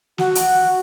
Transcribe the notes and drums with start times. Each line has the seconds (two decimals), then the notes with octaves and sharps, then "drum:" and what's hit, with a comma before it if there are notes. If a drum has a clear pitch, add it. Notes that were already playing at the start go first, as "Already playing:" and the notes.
0.18 F#4, drum: snare
0.35 drum: hi-hat